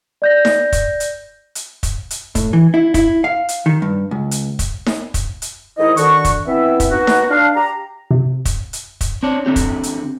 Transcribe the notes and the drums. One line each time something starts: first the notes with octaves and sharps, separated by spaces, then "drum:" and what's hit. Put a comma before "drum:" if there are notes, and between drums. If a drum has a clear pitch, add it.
D5 G6 A#6
drum: snare D#4
drum: kick, hi-hat
drum: hi-hat
drum: hi-hat
drum: kick, hi-hat
drum: hi-hat
A2, drum: kick, hi-hat
E3
E4
E4, drum: kick, hi-hat
F5
drum: hi-hat
D#3
G2
C#2
drum: hi-hat
drum: kick, hi-hat
drum: snare D#4
drum: kick, hi-hat
drum: hi-hat
G#2 D#3 E4 C5 D#5
D3 D#3 F#4 C#6, drum: hi-hat
drum: kick, hi-hat
E3 B3 C4 E4 E5
drum: kick, hi-hat
B3 D#4 F#4
drum: snare D#4
D4 F5
G4 A#5
C3
drum: kick, hi-hat
drum: hi-hat
drum: kick, hi-hat
C4 D4 C#5
D3 C4 G4
drum: kick, hi-hat
drum: hi-hat